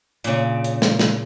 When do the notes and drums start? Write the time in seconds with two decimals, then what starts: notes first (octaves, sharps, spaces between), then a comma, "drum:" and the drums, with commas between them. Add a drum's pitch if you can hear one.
0.24 A#2 C#3, drum: hi-hat
0.64 drum: hi-hat
0.82 drum: snare
0.99 drum: snare